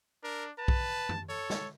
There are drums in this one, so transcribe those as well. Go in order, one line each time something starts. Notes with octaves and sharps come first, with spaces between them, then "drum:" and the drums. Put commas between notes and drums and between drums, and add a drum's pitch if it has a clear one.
D4 A#4
B4 A5
drum: kick B1
drum: tom F#2
A4 C#5
drum: snare